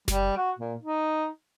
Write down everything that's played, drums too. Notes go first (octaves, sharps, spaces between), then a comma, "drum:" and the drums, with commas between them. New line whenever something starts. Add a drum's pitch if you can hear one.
G3, drum: snare F#1
F#4
A#2
D#4